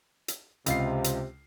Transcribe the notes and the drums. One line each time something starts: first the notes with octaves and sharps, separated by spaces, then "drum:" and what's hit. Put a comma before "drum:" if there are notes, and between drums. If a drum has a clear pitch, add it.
drum: hi-hat
C#2 C3 F4 C7, drum: hi-hat
drum: hi-hat